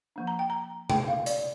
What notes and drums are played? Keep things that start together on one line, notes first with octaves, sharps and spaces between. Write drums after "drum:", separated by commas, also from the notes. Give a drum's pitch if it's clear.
F3 A#3 D4
A#5
G5
A#5
G5, drum: tom C3
F5
D5, drum: hi-hat